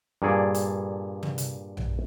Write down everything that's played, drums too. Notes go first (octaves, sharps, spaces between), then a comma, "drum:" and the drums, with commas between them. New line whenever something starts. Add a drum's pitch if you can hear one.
G2 A#2 A#3 G#4 A4 D5
drum: hi-hat
drum: tom
drum: hi-hat
drum: tom A#1